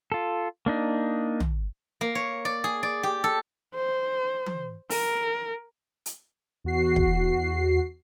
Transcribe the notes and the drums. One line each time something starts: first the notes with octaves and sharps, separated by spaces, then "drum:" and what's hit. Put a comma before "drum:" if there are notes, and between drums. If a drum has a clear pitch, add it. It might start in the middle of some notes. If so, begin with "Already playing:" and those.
F4 A4
A#3 D4 D#4
drum: tom
A#3
C#5
D5
G#4
D5
G4
A4
C5
drum: tom E3
A#4, drum: open hi-hat
drum: hi-hat
E2 F#4 C7
drum: kick